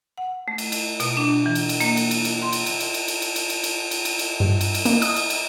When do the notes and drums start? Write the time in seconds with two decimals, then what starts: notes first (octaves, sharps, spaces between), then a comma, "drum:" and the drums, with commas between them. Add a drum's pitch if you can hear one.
0.18 F#5
0.48 A3
0.58 drum: cymbal
0.72 drum: cymbal
1.00 B2, drum: cymbal
1.17 D4
1.46 E3
1.55 drum: cymbal
1.69 drum: cymbal
1.80 A#3, drum: cymbal
1.97 drum: cymbal
2.11 drum: cymbal
2.25 drum: cymbal
2.42 C6
2.52 drum: cymbal
2.66 drum: cymbal
2.80 drum: cymbal
2.94 drum: cymbal
3.08 drum: cymbal
3.22 drum: cymbal
3.36 drum: cymbal
3.50 drum: cymbal
3.63 drum: cymbal
3.91 drum: cymbal
4.05 drum: cymbal
4.19 drum: cymbal
4.40 G2
4.61 drum: cymbal
4.74 drum: cymbal
4.85 A#3, drum: cymbal
5.02 D#6, drum: cymbal
5.16 drum: cymbal
5.30 drum: cymbal